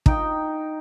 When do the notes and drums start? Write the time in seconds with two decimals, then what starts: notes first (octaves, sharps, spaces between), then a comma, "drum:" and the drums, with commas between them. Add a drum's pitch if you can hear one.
0.06 D#4 G5, drum: kick